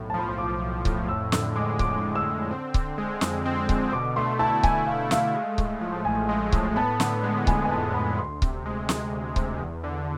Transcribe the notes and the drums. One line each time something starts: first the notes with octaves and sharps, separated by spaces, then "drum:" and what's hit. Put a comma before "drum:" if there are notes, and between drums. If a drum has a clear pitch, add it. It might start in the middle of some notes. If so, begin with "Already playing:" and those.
Already playing: B1 A2
A5
F3 B5
C6
B1 D6
B1
A2, drum: kick C#1
F2 E6
D3 E6, drum: snare
G#3 D6
F2 D6, drum: kick C#1
F2
E6
D3
C4
D3, drum: kick C#1
G#3
F2, drum: snare
C4
D3, drum: kick C#1
B2 D6
A3 C6
E4 A5
B2 G#5, drum: kick C#1
B2 F5
A3 F5, drum: snare
G#3
A2, drum: kick C#1
F3
A1 G#5
G#3
A2, drum: kick C#1
B3 A5
D3, drum: snare
G#3
F2 G#5, drum: kick C#1
G#5
B3 A5
D3 B5
D2 C6
C3, drum: kick C#1
G#3
D2, drum: snare
D2
C3, drum: kick C#1
E2
D3